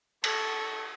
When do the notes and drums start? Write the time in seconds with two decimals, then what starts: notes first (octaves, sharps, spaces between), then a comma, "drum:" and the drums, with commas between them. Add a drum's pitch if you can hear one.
0.24 A4 C#6, drum: cymbal